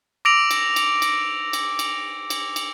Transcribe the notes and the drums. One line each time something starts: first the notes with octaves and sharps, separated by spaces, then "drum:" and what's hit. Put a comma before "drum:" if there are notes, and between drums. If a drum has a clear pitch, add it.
D6 E6 A#6 D7 F7 F#7
drum: cymbal
drum: cymbal
drum: cymbal
drum: cymbal
drum: cymbal
drum: cymbal
drum: cymbal